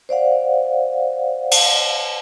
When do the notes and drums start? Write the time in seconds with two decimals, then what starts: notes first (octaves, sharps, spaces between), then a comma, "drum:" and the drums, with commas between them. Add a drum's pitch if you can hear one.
0.09 C5 D5 F5 F#5
1.51 drum: cymbal